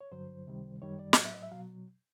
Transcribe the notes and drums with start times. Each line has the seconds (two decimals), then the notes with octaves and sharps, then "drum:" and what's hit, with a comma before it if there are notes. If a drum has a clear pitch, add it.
0.01 C#5
0.12 G2 D3 F#3 C5
0.47 C#2 C3 D#3 G3
0.82 F#2 D#3 G3 C#5
0.99 D5
1.13 E5, drum: snare
1.16 A2 F#3 D#5
1.25 E5
1.34 D#5
1.43 E5
1.52 B2 F#3 F5